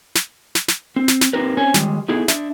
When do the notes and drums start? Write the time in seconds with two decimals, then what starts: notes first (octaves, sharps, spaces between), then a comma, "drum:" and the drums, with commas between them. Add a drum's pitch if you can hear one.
0.15 drum: snare
0.55 drum: snare
0.68 drum: snare
0.96 C4
1.08 drum: snare
1.21 drum: snare
1.33 C4 D#4 G4 A#4 B4
1.57 C4 C#4 C5 C#5 G#5
1.74 D#3 G3 G#3, drum: snare
2.08 A3 B3 D#4 E4 G#4
2.28 D4 E5, drum: snare